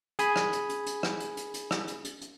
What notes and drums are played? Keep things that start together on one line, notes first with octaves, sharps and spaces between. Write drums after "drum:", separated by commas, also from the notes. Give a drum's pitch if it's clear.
G#4 G#5 B5, drum: hi-hat
drum: rim click
drum: hi-hat
drum: hi-hat
drum: hi-hat
drum: rim click
drum: hi-hat
drum: hi-hat
drum: hi-hat
drum: rim click
drum: hi-hat
drum: hi-hat
drum: hi-hat